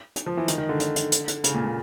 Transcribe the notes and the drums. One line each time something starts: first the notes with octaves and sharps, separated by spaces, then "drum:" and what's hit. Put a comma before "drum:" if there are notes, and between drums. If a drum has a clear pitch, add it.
drum: hi-hat
F3
E3
D#3, drum: hi-hat
D#3
D3
drum: hi-hat
drum: hi-hat
drum: hi-hat
drum: hi-hat
C#3, drum: hi-hat
A#2
A#2